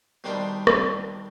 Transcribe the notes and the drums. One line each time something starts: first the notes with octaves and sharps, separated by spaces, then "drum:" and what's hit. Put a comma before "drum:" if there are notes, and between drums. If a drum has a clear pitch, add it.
B2 D#3 G3 D4 C5
drum: rim click